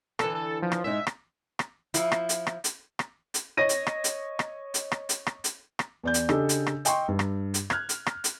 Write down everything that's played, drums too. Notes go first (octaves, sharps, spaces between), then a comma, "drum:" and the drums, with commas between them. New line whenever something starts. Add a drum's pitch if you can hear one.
D3 E3 A4, drum: rim click
A4
F3
drum: rim click
G#2 G#3 D#4 E5
drum: rim click
drum: rim click
F3 E4, drum: hi-hat
drum: rim click
drum: hi-hat
drum: rim click
drum: hi-hat
drum: rim click
drum: hi-hat
C#5 D#5 A#6 D#7
drum: hi-hat
drum: rim click
drum: hi-hat
drum: rim click
drum: hi-hat
drum: rim click
drum: hi-hat
drum: rim click
drum: hi-hat
drum: rim click
E2 D5 G6
drum: hi-hat
C#3 D4 G4 A4 D#5 E6, drum: rim click
drum: hi-hat
drum: rim click
D#5 G5 C6 C#6, drum: hi-hat
G2
drum: rim click
drum: hi-hat
F6 F#6 G#6, drum: rim click
drum: hi-hat
drum: rim click
drum: hi-hat